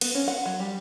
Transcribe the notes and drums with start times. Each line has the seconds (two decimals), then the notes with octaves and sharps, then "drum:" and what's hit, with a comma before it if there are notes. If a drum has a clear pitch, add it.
0.01 B3, drum: cymbal
0.15 C#4
0.28 F#5
0.46 F#3
0.60 G3